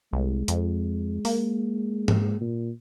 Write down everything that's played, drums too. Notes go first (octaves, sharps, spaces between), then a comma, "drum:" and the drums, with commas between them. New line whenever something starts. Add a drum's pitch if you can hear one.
C2 G#3
F2, drum: hi-hat
A#3, drum: open hi-hat
drum: tom G#2
A#2